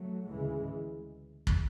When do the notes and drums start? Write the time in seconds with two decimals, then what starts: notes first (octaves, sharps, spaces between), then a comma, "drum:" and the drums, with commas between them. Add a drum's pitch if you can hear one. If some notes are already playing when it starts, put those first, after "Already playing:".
Already playing: F#3 A3
0.29 D2 C#3 E3 G#3
1.47 drum: kick